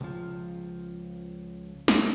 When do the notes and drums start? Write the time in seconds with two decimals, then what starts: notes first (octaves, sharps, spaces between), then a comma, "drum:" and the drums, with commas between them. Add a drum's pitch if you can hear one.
0.01 C#2 F3
1.88 drum: snare